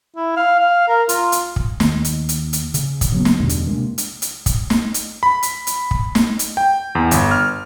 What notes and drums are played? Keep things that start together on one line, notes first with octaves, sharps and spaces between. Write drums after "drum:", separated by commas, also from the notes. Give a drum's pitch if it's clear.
E4
F5
F5
A#4
F4, drum: hi-hat
drum: hi-hat
drum: kick
D#2, drum: snare
drum: hi-hat
drum: hi-hat
drum: hi-hat
C#3, drum: hi-hat
drum: kick, hi-hat
C#3 F#3 B3
drum: snare
E2 G2 B2 D3
drum: hi-hat
C3 G#3 A#3 D4
drum: hi-hat
drum: hi-hat
drum: kick, hi-hat
drum: snare
drum: hi-hat
B5
drum: hi-hat
drum: hi-hat
drum: kick
drum: snare
drum: hi-hat
G5
E2
G1, drum: hi-hat
F6